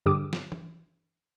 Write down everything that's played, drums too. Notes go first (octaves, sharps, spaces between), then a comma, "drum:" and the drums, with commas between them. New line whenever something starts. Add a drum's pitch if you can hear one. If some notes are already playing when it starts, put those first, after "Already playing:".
G2 D3 G4 D6 D#6
drum: snare
drum: tom E3